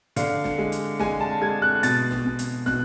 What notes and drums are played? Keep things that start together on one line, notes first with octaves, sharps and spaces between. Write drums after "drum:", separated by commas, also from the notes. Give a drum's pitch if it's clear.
D3 F5, drum: hi-hat
drum: snare
G#3
drum: hi-hat
G#3 G#5, drum: snare
A5
G#3 G#6
F#6
B2 A6, drum: hi-hat
drum: snare
B2
drum: hi-hat
B2 F#6, drum: snare